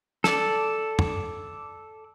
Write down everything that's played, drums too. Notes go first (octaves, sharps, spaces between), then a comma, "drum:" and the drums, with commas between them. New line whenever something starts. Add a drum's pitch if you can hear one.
A4 D5, drum: snare
drum: tom